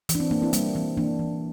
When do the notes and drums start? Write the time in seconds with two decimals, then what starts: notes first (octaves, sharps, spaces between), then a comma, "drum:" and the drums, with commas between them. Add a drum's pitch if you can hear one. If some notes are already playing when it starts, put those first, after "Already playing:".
0.09 E3, drum: hi-hat
0.15 D4
0.20 C4
0.31 A#3 D4
0.42 C4 E4
0.53 G3 A#3 D4, drum: hi-hat
0.75 E3 C4
0.97 E3 A#3 D4
1.19 E3